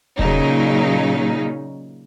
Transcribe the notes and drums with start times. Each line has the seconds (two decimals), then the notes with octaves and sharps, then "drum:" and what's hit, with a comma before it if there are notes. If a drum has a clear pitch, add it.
0.19 A#2 C#3 F#3 D#4, drum: kick E1